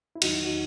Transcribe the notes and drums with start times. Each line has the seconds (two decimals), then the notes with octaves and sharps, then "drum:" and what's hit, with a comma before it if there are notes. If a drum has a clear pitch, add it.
0.16 E4
0.22 E2 D#3 F#3 D#4 F#4, drum: cymbal
0.45 D#4 F#4